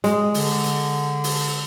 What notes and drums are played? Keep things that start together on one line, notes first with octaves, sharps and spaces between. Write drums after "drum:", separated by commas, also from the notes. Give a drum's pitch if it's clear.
G#3, drum: hi-hat
D3, drum: open hi-hat
drum: hi-hat
drum: open hi-hat